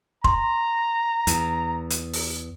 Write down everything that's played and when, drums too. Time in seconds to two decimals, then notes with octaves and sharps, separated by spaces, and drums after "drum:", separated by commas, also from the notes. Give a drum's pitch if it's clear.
0.24 A#5 C6, drum: kick F1
1.27 E2, drum: hi-hat
1.90 drum: hi-hat
2.14 drum: open hi-hat